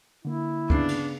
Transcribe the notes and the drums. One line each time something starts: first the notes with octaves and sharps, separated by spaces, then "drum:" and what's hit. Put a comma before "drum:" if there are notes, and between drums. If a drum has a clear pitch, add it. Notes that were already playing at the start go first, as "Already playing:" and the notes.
D3 A#3 E4
C#3 B3 D4 C7, drum: kick
drum: cymbal